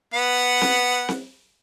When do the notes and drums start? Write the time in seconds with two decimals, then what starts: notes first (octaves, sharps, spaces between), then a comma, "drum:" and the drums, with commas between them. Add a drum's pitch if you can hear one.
0.14 B3 F#5
0.61 drum: snare C4
1.09 drum: snare C4